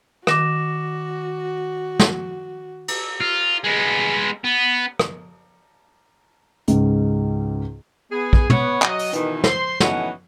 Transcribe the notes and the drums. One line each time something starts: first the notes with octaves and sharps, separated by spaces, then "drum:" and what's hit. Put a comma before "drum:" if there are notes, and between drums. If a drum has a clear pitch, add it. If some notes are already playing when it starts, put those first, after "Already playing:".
D#3 F#4 D6 A#6 E7, drum: rim click
drum: snare
drum: cymbal
F4
G#3 B3
B3
drum: rim click
C#2 G#2, drum: hi-hat
B3 G#4
drum: kick
B3 C#5, drum: tom
F#3 D#5, drum: clap
drum: open hi-hat
B2 D#3 E3, drum: hi-hat
C5 C6, drum: snare
E3 A3 B3 C#4 D#4 F#4, drum: snare